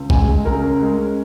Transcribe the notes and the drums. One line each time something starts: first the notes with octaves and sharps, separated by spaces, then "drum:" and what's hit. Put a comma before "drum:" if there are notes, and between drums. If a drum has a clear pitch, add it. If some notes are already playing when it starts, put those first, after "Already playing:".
Already playing: C#2
G#3 G#5, drum: kick B1
G#3
C#2 A#4
C#4
G#3
C#4